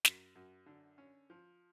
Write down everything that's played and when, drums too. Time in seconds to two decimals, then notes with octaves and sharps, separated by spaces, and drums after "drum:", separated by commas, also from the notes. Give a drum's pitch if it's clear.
0.05 F#2, drum: snare
0.35 F#2
0.66 D3
0.98 C#4
1.30 F3